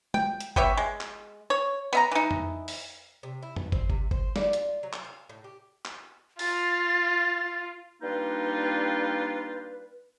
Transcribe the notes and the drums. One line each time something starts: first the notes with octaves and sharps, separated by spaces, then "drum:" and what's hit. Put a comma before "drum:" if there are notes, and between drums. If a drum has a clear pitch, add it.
G5, drum: tom
drum: hi-hat
B3 G4 C#5 E5, drum: kick
G#3
drum: clap
C#5
B3 E5 A#5
E3 D#4
drum: tom F2
drum: open hi-hat
C3
E4
B4, drum: tom F2
C4, drum: kick
C3, drum: kick
C5, drum: kick
D5, drum: snare
F4, drum: hi-hat
F#3
drum: clap
F5
A2
G4
drum: clap
F4 A6, drum: open hi-hat
G3 A#3 D4 D#4 F4 B4